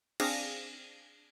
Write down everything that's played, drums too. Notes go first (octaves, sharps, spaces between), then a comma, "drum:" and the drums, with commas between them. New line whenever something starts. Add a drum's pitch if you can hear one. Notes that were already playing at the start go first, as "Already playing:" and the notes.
C4 D4 G#4 F5 A#6, drum: cymbal